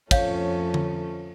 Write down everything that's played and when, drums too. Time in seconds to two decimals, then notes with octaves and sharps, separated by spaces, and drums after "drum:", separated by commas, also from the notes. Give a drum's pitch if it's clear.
0.11 F2 F3 A3 C#4 C#5 F5, drum: kick, cymbal
0.74 drum: tom D3